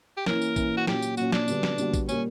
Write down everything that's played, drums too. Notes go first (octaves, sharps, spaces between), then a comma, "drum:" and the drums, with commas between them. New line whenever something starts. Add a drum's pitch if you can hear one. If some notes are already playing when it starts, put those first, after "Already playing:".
G4
E3 A#3 C#4 E4 A#4, drum: snare
drum: tambourine
E3 A#3 C#4 E4, drum: kick, tambourine
F#4
A#2 F#3 C#4 G4, drum: snare
drum: tambourine
A#2 F#3 C#4 F#4, drum: tambourine
D4, drum: snare
D3 G3 B3 F#4, drum: tambourine
drum: snare
D3 G3 B3 F#4, drum: tambourine
drum: kick, tambourine
A#2 G3 A#3 C#4, drum: tambourine